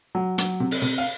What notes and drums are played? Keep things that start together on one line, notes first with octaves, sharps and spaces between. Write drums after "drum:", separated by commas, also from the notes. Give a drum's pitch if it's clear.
F#3
F#3, drum: hi-hat
C3
drum: open hi-hat
C3
F5